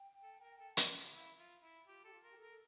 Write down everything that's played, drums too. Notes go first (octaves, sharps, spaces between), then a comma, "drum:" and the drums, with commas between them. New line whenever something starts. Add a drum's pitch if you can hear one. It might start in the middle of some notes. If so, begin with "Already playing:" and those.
Already playing: G5
A4
A#4
A4
G4, drum: hi-hat
F4
E4 F5
F4 E5
E4
F4 G4
G4 A4
F4
A#4
G4
A4
A#4
A4